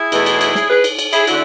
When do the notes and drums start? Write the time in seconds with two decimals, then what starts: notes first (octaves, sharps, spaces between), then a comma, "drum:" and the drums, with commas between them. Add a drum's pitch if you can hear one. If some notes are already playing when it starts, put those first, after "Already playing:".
Already playing: E4 G#4
0.12 E2 B2 A3, drum: cymbal
0.26 drum: cymbal
0.41 drum: cymbal
0.55 drum: snare
0.70 G#4 B4
0.84 drum: cymbal
0.99 drum: cymbal
1.13 E4 G#4, drum: cymbal
1.27 D3 A3 E4 F#4, drum: cymbal